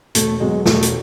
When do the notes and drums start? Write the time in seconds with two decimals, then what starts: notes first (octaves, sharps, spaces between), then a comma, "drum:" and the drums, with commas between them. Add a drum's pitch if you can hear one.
0.15 E1 A3, drum: hi-hat
0.40 E2 B2 F#3 G#3
0.66 E1 A3, drum: snare
0.82 drum: hi-hat